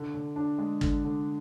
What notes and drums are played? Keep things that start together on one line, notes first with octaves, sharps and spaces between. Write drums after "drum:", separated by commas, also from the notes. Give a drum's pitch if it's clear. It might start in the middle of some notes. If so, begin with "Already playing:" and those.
Already playing: D3
D3
D4
G#3
D3, drum: kick
D3